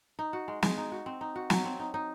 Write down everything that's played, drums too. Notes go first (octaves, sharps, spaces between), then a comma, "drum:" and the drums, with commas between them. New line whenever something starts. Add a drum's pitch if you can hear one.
D#4
F#4
G#3
G#3, drum: snare
D#4
F#4
C4
D#4
F#4
F#3, drum: snare
C4
D#4
D#4